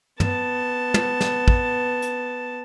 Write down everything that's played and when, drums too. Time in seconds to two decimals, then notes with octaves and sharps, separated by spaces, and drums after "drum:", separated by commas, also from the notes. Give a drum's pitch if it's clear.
0.20 B3 A5, drum: tom
0.94 drum: tom
1.21 drum: snare
1.48 drum: kick
2.02 drum: hi-hat